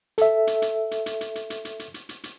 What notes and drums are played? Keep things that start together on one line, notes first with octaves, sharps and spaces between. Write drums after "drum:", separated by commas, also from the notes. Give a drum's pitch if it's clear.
A4 E5, drum: hi-hat
drum: hi-hat
drum: hi-hat
drum: hi-hat
drum: hi-hat
drum: hi-hat
drum: hi-hat
drum: hi-hat
drum: hi-hat
drum: hi-hat
drum: hi-hat
drum: hi-hat
drum: hi-hat